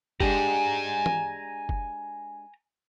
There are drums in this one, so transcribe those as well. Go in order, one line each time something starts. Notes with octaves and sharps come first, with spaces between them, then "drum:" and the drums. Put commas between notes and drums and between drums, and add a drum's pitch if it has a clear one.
G#3 D4 G4 G#5 A#5, drum: kick
drum: tom
drum: kick